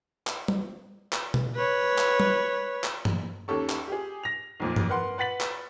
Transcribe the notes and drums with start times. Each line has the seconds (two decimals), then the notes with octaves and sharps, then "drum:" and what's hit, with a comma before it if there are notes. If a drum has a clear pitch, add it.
0.27 drum: clap
0.48 drum: tom G3
1.13 drum: clap
1.34 drum: tom B2
1.56 B4 C#5
1.98 drum: clap
2.20 drum: tom G3
2.84 drum: clap
3.05 drum: tom G2
3.48 D#2 C#4 G4 A4 C#6
3.69 drum: clap
3.88 G4 G#4
4.23 A#6 F7
4.60 B1 F2 A#2
4.76 drum: tom G2
4.89 A#4 B4 F#5 C6
5.18 B4 F#5 A6 B6 F#7
5.41 drum: clap